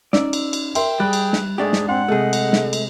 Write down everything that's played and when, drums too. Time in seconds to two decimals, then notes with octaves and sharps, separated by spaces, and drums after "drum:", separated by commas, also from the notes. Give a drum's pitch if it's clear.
0.13 C#4 D#4 D5 E6, drum: snare
0.33 drum: cymbal
0.53 drum: cymbal
0.75 A#4 E5 G5 C6, drum: cymbal
1.00 G3 G#4 F#6
1.13 drum: cymbal
1.33 drum: snare
1.58 G#2 A3 D4 G4 G#4
1.73 drum: snare
1.89 C4 F#5 C6
2.08 C3 G#3 A3 G#4 D#5
2.33 drum: cymbal
2.53 drum: snare
2.73 drum: cymbal